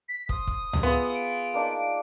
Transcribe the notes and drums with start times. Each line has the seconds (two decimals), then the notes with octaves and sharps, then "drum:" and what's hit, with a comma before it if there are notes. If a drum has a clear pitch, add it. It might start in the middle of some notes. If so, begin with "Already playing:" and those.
0.09 B6
0.29 C5 D#6, drum: kick
0.47 drum: kick
0.73 drum: tom C#2
0.83 B3 F4 G#4 E5
1.14 D7
1.54 A#3 D4 D#4